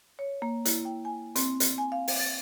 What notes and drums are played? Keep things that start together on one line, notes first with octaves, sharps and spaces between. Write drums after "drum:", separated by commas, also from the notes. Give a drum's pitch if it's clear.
C#5
A#3
E4, drum: hi-hat
G5
G#5
C4, drum: hi-hat
drum: hi-hat
G#5
F5
drum: open hi-hat
A6